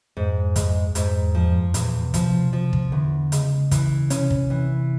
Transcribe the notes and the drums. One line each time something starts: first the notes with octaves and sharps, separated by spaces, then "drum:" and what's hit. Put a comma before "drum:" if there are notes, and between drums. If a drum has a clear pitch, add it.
F2 G#2
G#3, drum: kick, hi-hat
F2 G#2, drum: hi-hat
E2
F3
F2
E2 A#2, drum: hi-hat
B2
F3, drum: kick, hi-hat
C3
C3 F3
drum: kick
E2 D3
C#3 G#3, drum: hi-hat
E3, drum: kick, hi-hat
C3 C#4, drum: hi-hat
drum: kick
E3